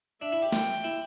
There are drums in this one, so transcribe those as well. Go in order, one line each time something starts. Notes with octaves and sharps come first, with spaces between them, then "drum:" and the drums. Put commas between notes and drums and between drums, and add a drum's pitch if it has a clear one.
D4 E5
E4
G4
G5, drum: snare
E4